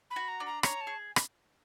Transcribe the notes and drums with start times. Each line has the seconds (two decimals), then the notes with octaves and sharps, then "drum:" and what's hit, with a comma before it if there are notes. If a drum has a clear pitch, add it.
0.11 B5
0.16 F#4
0.28 A#5
0.40 D4
0.46 A#5
0.63 C#5 A#5, drum: rim click
0.81 A5
0.87 G#4
1.16 drum: rim click